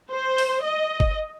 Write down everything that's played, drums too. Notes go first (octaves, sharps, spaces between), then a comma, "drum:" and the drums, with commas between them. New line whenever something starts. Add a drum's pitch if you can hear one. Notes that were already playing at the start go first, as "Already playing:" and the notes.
C5
drum: open hi-hat
D#5
drum: kick G1